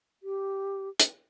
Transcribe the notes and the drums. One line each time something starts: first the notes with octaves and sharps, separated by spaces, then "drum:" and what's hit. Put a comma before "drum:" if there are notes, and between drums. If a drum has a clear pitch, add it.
G4
drum: hi-hat